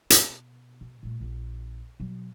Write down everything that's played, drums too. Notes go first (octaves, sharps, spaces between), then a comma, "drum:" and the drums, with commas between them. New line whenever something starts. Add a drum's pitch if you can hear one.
B2, drum: hi-hat
B2
A#2 A3
A#1 F4
B2 F#3